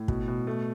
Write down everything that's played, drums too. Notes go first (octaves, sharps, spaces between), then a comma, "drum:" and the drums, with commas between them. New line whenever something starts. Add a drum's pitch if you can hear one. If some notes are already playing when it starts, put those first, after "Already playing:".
Already playing: A2
B2, drum: kick
B2
A3